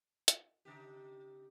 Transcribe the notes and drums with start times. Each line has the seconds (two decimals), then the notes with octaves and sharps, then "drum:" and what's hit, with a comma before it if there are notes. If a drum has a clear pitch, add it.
0.28 drum: hi-hat
0.65 C#3 D#4 G4